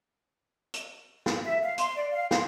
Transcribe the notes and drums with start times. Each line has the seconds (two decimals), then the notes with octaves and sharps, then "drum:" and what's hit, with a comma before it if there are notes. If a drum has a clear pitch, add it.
0.74 drum: hi-hat
1.26 drum: snare
1.44 E5
1.62 F5
1.78 C6, drum: hi-hat
1.96 D5
2.11 F5
2.31 C6, drum: snare